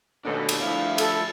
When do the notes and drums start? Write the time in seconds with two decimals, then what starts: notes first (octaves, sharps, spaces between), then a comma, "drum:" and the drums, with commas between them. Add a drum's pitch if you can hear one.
0.25 D#2 B2 A3 C#4 D4 A4
0.49 drum: cymbal
0.61 G2 F3 E4 F5
0.98 A4, drum: cymbal